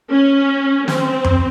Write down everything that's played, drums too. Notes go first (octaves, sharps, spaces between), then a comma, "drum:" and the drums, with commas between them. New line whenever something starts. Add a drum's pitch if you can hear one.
C#4
C4, drum: snare
drum: tom F2